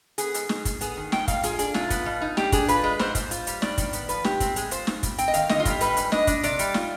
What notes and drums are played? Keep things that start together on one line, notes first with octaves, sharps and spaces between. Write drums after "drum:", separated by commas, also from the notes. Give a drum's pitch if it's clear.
B3 G#4, drum: hi-hat
G#2, drum: hi-hat
G#2, drum: snare
G#2, drum: kick, hi-hat
B3 G#4, drum: hi-hat
D#3
G#2 G5, drum: snare
G#2 F5, drum: kick, hi-hat
F4 G#4, drum: hi-hat
D4 G#4, drum: hi-hat
C3 F4, drum: snare
B3, drum: kick, hi-hat
B2
D#4
D4 G4, drum: snare
D4 G#4, drum: kick, hi-hat
F4 B4, drum: hi-hat
G#3
G#2 C5, drum: snare
G#2, drum: kick, hi-hat
F4, drum: hi-hat
G3, drum: hi-hat
G2 D5, drum: snare
D#3, drum: kick, hi-hat
B3, drum: hi-hat
F3 B4, drum: hi-hat
C3 G4, drum: snare
C4, drum: kick, hi-hat
G#3 G#4, drum: hi-hat
F4 C5, drum: hi-hat
G#2, drum: snare
G3, drum: kick, hi-hat
C4 G5, drum: hi-hat
D#5
D#3 F5, drum: hi-hat
D3 D#5, drum: snare
F4
G2 G4, drum: kick, hi-hat
G3 B4, drum: hi-hat
G#2, drum: hi-hat
D4 D#5, drum: snare
D4, drum: kick, hi-hat
C3 D5, drum: hi-hat
G3, drum: hi-hat
F4, drum: snare